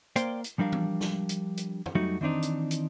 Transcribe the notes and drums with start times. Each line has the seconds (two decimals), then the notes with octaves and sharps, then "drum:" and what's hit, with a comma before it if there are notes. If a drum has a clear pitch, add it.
0.16 A#3 A#4 C5 D5 F5 G5, drum: hi-hat
0.44 drum: hi-hat
0.58 F3 G3 D4 A#4 F5
0.72 drum: tom E3
1.01 drum: snare
1.29 drum: hi-hat
1.57 drum: hi-hat
1.86 drum: tom F2
1.95 F#3 G3 A3 D#4 F#4
2.21 D#3 E3 C4 D4 D#4
2.42 drum: hi-hat
2.71 drum: hi-hat